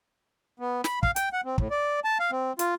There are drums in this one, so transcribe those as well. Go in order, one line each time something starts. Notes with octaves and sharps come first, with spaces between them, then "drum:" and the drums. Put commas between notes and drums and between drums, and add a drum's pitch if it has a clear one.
B3
B5, drum: snare
F5, drum: kick
G5, drum: hi-hat
F#5
C4
A2, drum: kick
D5
A5
F5
C4
F4, drum: hi-hat